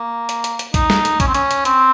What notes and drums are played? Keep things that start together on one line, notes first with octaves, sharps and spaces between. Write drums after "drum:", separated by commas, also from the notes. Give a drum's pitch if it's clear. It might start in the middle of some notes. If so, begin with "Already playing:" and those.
Already playing: A#3
drum: hi-hat
drum: hi-hat
drum: hi-hat
D#4, drum: kick, hi-hat
drum: snare
drum: hi-hat
C#4, drum: kick, hi-hat
C4
C#4, drum: hi-hat
drum: hi-hat
C4, drum: hi-hat